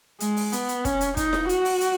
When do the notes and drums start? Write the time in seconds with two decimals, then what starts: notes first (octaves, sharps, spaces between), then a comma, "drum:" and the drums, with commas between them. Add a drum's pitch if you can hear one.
0.20 G#3, drum: hi-hat
0.37 drum: open hi-hat
0.53 B3, drum: hi-hat
0.69 drum: hi-hat
0.85 C#4, drum: kick, hi-hat
1.01 drum: hi-hat
1.17 D#4, drum: kick, hi-hat
1.33 drum: snare E4
1.49 F#4, drum: hi-hat
1.65 drum: open hi-hat
1.81 drum: hi-hat